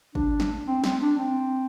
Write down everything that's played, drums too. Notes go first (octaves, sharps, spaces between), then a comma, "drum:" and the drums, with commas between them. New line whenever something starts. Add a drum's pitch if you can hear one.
D4, drum: kick
drum: snare
C4
C4, drum: snare
D4
C4